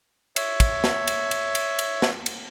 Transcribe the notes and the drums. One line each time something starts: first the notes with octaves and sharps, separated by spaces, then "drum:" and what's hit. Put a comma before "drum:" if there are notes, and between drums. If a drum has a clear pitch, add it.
C#5 E5, drum: cymbal
drum: kick, cymbal
drum: snare
drum: cymbal
drum: cymbal
drum: cymbal
drum: cymbal
drum: snare
drum: cymbal